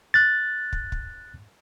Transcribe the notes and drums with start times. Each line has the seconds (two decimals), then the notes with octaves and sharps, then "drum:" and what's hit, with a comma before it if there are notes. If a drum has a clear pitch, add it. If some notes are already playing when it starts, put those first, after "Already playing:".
0.14 F#6 A6
0.73 drum: kick
0.92 drum: kick